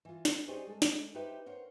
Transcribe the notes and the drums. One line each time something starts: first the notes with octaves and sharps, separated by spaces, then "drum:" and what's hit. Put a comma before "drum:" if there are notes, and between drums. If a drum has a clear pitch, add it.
E3 F4
A4, drum: snare
C#4 D#4 G4 G#4 C5 D5
G#3 A4
drum: snare
D#4 G4 B4 C5 E5 G5
A#4 C5 C#5 F#5